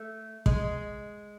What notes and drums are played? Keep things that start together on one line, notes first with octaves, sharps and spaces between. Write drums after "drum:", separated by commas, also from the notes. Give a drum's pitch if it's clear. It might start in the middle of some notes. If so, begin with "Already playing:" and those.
Already playing: A3
G#3, drum: kick